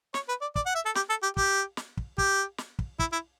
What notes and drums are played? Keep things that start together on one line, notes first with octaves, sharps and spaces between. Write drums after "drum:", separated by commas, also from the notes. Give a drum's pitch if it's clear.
C#5, drum: snare
B4
D5
D5, drum: kick
F#5
E5
A4
G4, drum: snare
A4
G4
G4, drum: kick
drum: snare
drum: kick
G4, drum: kick
drum: snare
drum: kick
E4, drum: kick
E4